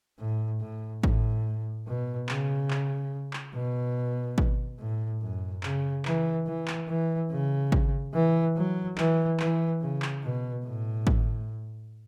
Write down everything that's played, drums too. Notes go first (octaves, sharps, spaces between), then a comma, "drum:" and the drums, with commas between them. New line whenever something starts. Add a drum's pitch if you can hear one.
A2
A2
A2, drum: kick
B2
C#3, drum: clap
drum: clap
drum: clap
B2
drum: kick
A2
F#2
C#3, drum: clap
E3, drum: clap
E3
drum: clap
E3
C#3
drum: kick
E3
F#3
E3, drum: clap
E3, drum: clap
C#3
drum: clap
B2
A2
drum: kick